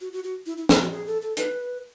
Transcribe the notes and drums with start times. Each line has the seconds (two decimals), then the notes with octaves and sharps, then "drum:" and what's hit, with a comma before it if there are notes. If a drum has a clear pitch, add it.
0.01 F#4
0.12 F#4
0.24 F#4
0.46 E4
0.57 E4
0.69 E4, drum: snare
0.80 F#4
0.91 G#4
1.06 A4
1.22 A4
1.37 B4, drum: hi-hat